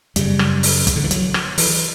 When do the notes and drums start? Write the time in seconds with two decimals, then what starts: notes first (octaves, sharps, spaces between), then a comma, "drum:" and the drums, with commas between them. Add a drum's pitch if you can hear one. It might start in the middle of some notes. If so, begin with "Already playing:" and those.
0.16 F#2 C#3 G3, drum: hi-hat
0.39 drum: rim click
0.63 drum: open hi-hat
0.87 drum: kick, hi-hat
0.96 D3
1.04 E3
1.11 F#3, drum: hi-hat
1.34 drum: rim click
1.58 E3, drum: open hi-hat